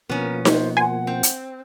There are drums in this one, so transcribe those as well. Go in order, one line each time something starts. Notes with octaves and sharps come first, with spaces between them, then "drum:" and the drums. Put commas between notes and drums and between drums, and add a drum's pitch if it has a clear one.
B2 F3 A#3 B3 C#4 A#4
C5, drum: snare D#4
F#5 G#5 C6
C4
drum: hi-hat